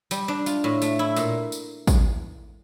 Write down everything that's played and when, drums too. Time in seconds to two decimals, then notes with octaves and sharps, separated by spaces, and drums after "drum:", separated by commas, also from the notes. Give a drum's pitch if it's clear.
0.11 G3, drum: tambourine
0.28 D4
0.46 F4, drum: tambourine
0.64 A2
0.82 A3, drum: tambourine
0.99 E4
1.16 A#2, drum: tambourine
1.52 drum: tambourine
1.87 drum: kick, tambourine